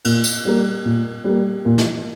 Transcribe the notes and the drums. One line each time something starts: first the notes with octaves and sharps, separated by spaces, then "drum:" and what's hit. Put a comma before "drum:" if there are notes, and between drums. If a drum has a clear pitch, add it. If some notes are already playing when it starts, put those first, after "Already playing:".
A#2, drum: cymbal
drum: tambourine
G3 A#3
A#2
G3 A#3
A#2
drum: snare